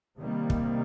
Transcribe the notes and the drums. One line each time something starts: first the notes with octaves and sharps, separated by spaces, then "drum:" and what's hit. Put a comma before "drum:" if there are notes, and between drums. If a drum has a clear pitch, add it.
C3 D#3 G3 A#3
drum: kick